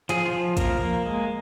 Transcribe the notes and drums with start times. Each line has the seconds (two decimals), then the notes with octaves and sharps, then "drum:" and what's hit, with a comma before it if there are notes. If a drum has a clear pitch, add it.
0.09 F3 G#4, drum: hi-hat
0.26 F4
0.33 F3
0.57 A#3 A#4, drum: kick, hi-hat
0.81 A#3
1.06 G#3